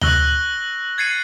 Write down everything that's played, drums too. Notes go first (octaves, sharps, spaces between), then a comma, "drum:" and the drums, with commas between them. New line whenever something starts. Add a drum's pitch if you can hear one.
C#6 E6 F#6 A#6 F#7 G7, drum: tom D2
G#6 A6 C7 C#7 D#7